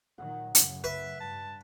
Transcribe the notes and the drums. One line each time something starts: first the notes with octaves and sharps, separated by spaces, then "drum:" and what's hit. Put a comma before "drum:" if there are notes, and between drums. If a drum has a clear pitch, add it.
A#2 D#3 F#3 F#5
F#2 A2 C#3, drum: hi-hat
B4 E5
G2 A5